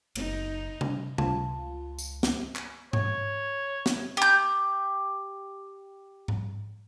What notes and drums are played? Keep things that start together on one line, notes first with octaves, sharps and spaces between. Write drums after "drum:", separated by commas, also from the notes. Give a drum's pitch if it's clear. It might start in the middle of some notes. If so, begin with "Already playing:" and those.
F#1 D#4, drum: cymbal
drum: tom C3
C#2 F4 A5, drum: tom C3
drum: tambourine
drum: snare
drum: clap
C#5, drum: tom G#2
drum: snare
G4 G6
drum: tom G#2